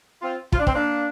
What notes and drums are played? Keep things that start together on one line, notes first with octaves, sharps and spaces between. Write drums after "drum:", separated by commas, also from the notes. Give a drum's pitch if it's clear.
C4 F4
F4, drum: kick
D4
C4, drum: kick
A#3 D4